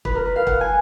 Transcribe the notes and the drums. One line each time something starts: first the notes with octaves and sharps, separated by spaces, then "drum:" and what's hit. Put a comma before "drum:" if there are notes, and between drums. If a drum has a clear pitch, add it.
B4, drum: kick
A#4
B4
F5
F#5, drum: kick
G#5